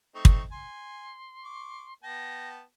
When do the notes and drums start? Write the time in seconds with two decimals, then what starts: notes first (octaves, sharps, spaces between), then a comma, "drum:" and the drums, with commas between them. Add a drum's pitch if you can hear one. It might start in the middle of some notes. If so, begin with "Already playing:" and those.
0.15 A3 C4 D#4 C#6
0.25 drum: kick
0.51 G#5 C6
1.44 C#6 D6
2.03 B3 G5 A5 A#6